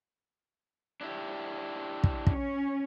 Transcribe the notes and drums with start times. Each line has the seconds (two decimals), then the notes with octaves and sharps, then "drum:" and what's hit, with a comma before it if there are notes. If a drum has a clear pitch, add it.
1.01 D4 E4 G4
2.04 drum: kick
2.27 C#4, drum: kick